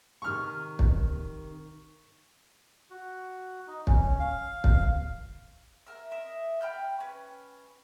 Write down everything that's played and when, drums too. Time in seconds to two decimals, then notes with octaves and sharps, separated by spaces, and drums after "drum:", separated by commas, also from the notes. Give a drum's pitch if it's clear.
0.22 C3 D#3 C#6 F6
0.79 drum: kick
2.91 F#4
3.67 D#4
3.87 C#4, drum: kick
4.19 F5
4.64 drum: kick
5.86 A#4 E5
6.11 A#4 D#5 E5
6.61 G5 B5 F6 G6
7.00 C#4 B4